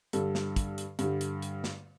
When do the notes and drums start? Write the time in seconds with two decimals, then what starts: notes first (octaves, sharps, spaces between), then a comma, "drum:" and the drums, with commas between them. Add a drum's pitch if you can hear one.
0.13 G2 D3 G3 D4 A4, drum: hi-hat
0.35 drum: snare
0.56 drum: kick, hi-hat
0.78 drum: hi-hat
0.99 G2 D3 G3, drum: hi-hat
1.21 drum: hi-hat
1.42 drum: hi-hat
1.64 drum: snare